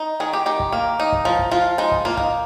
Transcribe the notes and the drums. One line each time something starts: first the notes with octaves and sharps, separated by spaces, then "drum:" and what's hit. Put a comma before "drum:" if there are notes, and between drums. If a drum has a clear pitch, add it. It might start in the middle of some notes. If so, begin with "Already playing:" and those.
Already playing: D#4
D#3 G#4
G4
D#3 G4
drum: kick
A#3
D#4
drum: kick
F3
drum: kick
F3 F4
G#3 D#4
drum: kick
A#3 F4
D#4, drum: kick